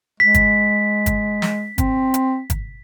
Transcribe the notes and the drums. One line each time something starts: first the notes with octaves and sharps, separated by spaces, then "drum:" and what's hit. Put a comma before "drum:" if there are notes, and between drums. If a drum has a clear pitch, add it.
G#3 B6
drum: kick, hi-hat
drum: kick, hi-hat
drum: snare
C4, drum: kick, hi-hat
drum: hi-hat
drum: kick, hi-hat